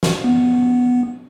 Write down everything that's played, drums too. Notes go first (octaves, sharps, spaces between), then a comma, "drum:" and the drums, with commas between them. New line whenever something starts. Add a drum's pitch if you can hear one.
drum: snare
B3